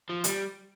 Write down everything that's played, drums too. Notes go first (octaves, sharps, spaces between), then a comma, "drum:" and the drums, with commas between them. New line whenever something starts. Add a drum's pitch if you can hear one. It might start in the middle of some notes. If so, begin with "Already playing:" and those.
F3
G3, drum: hi-hat